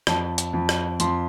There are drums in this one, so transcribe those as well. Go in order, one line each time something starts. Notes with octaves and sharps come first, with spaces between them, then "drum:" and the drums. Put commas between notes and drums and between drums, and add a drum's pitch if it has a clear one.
F2 A5, drum: rim click
drum: hi-hat
F2
drum: rim click
F2 C6, drum: hi-hat